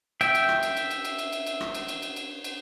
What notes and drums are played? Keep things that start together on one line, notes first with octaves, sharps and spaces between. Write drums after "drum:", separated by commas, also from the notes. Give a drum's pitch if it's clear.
E5 G5, drum: cymbal
drum: cymbal
drum: rim click
drum: cymbal
drum: cymbal
drum: cymbal
drum: cymbal
drum: cymbal
drum: cymbal
drum: cymbal
drum: rim click
drum: cymbal
drum: cymbal
drum: cymbal
drum: cymbal
drum: cymbal